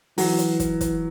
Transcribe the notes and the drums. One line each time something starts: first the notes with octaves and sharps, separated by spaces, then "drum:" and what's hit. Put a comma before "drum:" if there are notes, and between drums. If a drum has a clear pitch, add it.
E3 F#3, drum: open hi-hat
drum: hi-hat
drum: kick, hi-hat
drum: kick, hi-hat